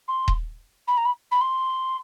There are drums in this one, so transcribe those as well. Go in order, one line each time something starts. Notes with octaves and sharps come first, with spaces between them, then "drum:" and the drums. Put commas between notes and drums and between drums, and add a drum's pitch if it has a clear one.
C6
drum: kick D#1
B5
A#5
B5
B5
C6